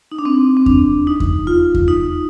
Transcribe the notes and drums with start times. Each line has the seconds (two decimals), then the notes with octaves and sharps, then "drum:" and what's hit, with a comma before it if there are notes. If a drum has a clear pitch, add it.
0.12 D#4
0.19 D4
0.25 C4
0.57 C4
0.66 D4, drum: kick E2
1.07 D#4
1.20 drum: kick E2
1.47 F4
1.74 drum: kick E2
1.88 D#4